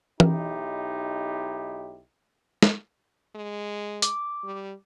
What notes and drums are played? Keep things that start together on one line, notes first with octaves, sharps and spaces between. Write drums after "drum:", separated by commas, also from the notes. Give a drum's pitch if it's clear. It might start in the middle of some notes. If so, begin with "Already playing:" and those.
B1 D#4 E4 G4, drum: tom E3
drum: snare
G#3
D6, drum: hi-hat
G3